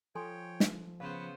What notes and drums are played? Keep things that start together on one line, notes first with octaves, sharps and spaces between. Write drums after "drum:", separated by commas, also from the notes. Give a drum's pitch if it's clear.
F3 A4 C#5 G5 G#5 C6
drum: snare
C#3 B3 B4 C5 F5